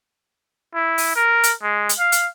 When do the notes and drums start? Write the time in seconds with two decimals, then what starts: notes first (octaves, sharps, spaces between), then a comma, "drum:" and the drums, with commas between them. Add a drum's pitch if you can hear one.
0.75 E4
0.98 drum: open hi-hat
1.16 A#4
1.43 drum: hi-hat
1.63 G#3
1.89 drum: hi-hat
1.99 F5
2.12 drum: hi-hat